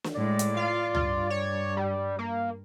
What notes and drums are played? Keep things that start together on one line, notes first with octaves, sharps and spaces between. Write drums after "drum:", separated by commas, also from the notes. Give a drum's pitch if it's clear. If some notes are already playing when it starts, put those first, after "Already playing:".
drum: snare
A2 G#3 D5
drum: hi-hat
F4 F5
G2 F4, drum: tom C#2
C#5
G3
A#3